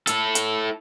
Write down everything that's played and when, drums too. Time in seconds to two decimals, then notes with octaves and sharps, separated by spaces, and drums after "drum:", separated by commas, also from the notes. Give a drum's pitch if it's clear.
0.07 E4 A4, drum: hi-hat
0.35 drum: hi-hat